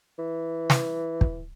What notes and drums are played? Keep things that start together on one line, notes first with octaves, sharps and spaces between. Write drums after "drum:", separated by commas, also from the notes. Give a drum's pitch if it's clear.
E3
drum: snare
drum: kick